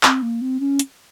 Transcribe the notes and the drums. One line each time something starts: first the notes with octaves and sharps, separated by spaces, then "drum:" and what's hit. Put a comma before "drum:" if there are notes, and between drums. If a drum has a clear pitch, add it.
C4, drum: clap
A#3
C4
C#4
drum: hi-hat